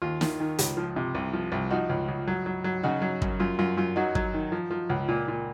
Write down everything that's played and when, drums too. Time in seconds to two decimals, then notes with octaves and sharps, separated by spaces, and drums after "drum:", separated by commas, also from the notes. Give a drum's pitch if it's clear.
0.02 D#2 F4
0.21 D#3, drum: snare
0.40 D#3
0.59 C#2, drum: hi-hat
0.77 F3
0.96 C3
1.15 C2
1.33 F3
1.52 C2
1.70 F3 D#4 F#4
1.89 C#2
2.08 C#2
2.27 F#3
2.46 F#3
2.64 F#3
2.83 C#3 D#4 F#4
3.02 F#3
3.22 F#2, drum: kick
3.40 F#2 F4
3.59 F#2 F4
3.77 F#2 F4
3.96 F#3 D#4 F#4
4.15 F#3, drum: kick
4.34 D#3
4.52 F3
4.71 F3
4.89 C#2
5.08 A#2
5.28 A#2